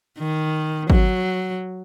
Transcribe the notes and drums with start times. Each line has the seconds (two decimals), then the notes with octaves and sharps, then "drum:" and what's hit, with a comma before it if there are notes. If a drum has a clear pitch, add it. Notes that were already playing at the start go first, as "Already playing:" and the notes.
0.18 D#3
0.90 F#3, drum: kick